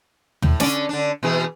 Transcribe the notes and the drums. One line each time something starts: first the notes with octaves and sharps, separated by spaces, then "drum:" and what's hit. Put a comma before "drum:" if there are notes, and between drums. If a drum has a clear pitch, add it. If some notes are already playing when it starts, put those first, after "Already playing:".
A2, drum: tom
D3 C#4 D5, drum: snare
D3 D4
B2 E3 G#4